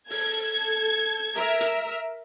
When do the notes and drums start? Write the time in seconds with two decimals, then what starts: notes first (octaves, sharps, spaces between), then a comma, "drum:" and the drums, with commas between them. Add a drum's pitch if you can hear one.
0.10 A4 G#6, drum: open hi-hat
1.36 A#4 E5
1.61 drum: hi-hat